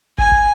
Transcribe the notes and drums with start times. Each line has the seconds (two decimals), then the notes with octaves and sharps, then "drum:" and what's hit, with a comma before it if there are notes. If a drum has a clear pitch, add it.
0.18 G#5, drum: kick
0.32 drum: kick